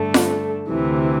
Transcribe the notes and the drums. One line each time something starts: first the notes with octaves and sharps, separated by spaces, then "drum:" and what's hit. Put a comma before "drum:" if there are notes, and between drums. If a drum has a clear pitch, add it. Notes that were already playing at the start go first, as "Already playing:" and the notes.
Already playing: G2 D3 A3
drum: snare F4
D2 C3 E3